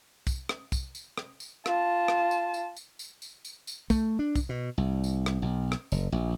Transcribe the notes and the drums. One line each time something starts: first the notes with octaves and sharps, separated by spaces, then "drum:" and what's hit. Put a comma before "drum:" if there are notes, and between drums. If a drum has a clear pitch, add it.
drum: kick, tambourine
drum: rim click
drum: kick, tambourine
drum: tambourine
drum: rim click
drum: tambourine
F4 A5, drum: rim click
drum: rim click
drum: tambourine
drum: tambourine
drum: tambourine
drum: tambourine
drum: tambourine
drum: tambourine
drum: tambourine
A3, drum: kick, tambourine
D4
drum: kick, tambourine
B2
C2
drum: tambourine
drum: rim click
B1
drum: rim click
F#1, drum: tambourine
A#1